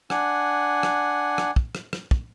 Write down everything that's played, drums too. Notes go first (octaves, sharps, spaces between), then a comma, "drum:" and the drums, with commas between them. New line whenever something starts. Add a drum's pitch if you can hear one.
D4 F#5 G#5, drum: rim click
drum: rim click
drum: rim click
drum: kick
drum: rim click
drum: rim click
drum: kick